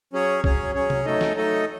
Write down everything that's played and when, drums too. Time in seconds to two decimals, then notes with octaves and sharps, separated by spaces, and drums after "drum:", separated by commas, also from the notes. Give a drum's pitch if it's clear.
0.13 F#3 C#4 G#4 C#5
0.44 F#3 C#4 G#4 C#5, drum: kick C2
0.75 F#3 C#4 G#4 C#5
0.90 drum: tom C3
1.05 F#3 A3 D#4 A4 D#5
1.21 drum: snare
1.36 F#3 A3 D#4 A4 D#5